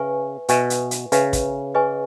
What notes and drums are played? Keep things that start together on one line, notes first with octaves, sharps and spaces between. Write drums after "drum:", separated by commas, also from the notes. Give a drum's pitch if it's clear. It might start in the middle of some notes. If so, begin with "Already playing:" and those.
Already playing: C#3 B4 E5 G#5 C#6
B2 B4 E5 G#5 C#6, drum: hi-hat
drum: hi-hat
drum: hi-hat
C#3 B4 E5 G#5 C#6, drum: hi-hat
drum: kick, hi-hat
G#4 B4 D#5 G#5 C#6